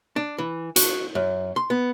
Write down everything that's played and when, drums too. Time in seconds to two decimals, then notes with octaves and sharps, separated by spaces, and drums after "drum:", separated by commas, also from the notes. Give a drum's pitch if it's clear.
0.16 D4
0.38 E3
0.76 F#4, drum: hi-hat
1.15 F#2
1.56 C6
1.70 B3